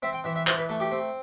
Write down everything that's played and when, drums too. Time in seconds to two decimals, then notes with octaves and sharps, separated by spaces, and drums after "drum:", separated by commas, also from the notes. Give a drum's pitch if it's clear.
0.03 C4 E5
0.13 G5
0.24 E3 E5
0.36 E5
0.47 E3 C5, drum: clap
0.58 B4
0.69 A3 A4
0.80 G4
0.91 C4